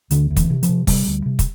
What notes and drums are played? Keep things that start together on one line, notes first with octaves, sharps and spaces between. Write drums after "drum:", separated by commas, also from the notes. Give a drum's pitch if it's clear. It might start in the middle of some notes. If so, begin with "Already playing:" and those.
D2 D3, drum: hi-hat
D2
E3, drum: kick, hi-hat
C3
F3, drum: hi-hat
C3
C3 G3, drum: kick, open hi-hat
D2
C3
drum: kick, hi-hat